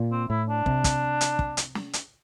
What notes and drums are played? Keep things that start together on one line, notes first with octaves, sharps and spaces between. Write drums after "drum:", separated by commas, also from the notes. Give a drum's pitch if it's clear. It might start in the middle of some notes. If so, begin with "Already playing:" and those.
Already playing: A#2
C4
A2 E4
D4
C3, drum: kick
drum: kick, hi-hat
drum: hi-hat
drum: kick
drum: hi-hat
drum: snare
drum: hi-hat